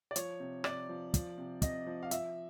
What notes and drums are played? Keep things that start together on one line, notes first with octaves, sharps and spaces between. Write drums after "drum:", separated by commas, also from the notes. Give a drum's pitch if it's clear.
D5
F3 C#5, drum: hi-hat
C3
C3 D5, drum: rim click
F3
F3, drum: kick, hi-hat
C3
C3 D#5, drum: kick, hi-hat
F3
F5
F3 E5, drum: hi-hat